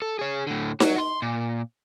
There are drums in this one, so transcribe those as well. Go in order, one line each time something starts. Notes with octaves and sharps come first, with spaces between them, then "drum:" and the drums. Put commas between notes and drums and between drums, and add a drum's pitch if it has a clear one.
A4
G#4 C#5
A2 D3
F#4 C#5, drum: snare D#4
C6
A#2